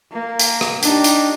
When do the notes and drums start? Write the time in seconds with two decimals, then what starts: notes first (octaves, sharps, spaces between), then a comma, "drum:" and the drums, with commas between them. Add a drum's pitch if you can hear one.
0.12 A#3
0.39 drum: hi-hat
0.61 drum: rim click
0.83 D4 D#4 G4, drum: hi-hat
1.04 drum: hi-hat